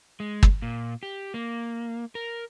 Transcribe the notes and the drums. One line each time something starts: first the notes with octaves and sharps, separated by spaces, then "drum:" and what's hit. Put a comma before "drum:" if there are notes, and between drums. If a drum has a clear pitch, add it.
G#3
drum: kick
A#2
G4
A#3
A#4